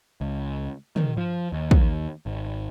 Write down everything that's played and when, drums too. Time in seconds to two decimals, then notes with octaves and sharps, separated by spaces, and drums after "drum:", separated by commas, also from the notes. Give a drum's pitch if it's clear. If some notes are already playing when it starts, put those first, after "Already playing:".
0.21 C#2
0.96 D#3, drum: tom
1.18 F3
1.52 D#2
1.71 drum: kick
2.26 G#1